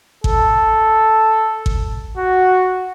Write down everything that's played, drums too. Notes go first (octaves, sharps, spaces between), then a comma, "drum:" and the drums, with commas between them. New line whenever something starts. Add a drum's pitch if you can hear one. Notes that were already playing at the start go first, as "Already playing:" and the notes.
A4, drum: kick G#1
drum: kick G#1
F#4